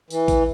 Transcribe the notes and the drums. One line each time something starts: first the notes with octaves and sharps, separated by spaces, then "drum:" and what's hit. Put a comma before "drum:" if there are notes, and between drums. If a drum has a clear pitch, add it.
E3, drum: tambourine
drum: kick, tambourine